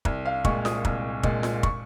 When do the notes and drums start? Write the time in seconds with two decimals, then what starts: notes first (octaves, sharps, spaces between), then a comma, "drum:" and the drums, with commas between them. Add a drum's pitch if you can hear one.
0.05 C2, drum: kick
0.25 F5
0.45 A#2 G#3 C#6, drum: kick
0.65 D#6, drum: snare F4
0.85 C2, drum: kick
1.23 A#2 G#3, drum: kick
1.43 drum: snare F4
1.63 C#6, drum: kick